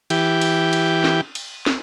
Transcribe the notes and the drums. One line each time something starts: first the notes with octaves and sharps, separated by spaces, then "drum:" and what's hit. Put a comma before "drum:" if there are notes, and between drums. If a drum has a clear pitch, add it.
E3 G4, drum: cymbal
drum: cymbal
drum: cymbal
drum: snare
drum: cymbal
drum: snare